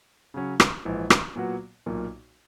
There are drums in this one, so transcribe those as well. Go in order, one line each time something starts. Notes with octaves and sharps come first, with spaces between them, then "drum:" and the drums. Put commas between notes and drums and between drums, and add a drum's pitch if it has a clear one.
C#3 F#3 C#4
drum: rim click
A#1 G#2 E3
drum: rim click
A#2 F#3 B3 F#4
B1 A#2 A#3